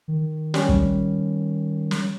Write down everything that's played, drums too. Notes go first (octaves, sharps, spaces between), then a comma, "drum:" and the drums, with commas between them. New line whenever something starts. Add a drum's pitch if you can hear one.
D#3
G3 C#4, drum: snare
drum: kick
drum: snare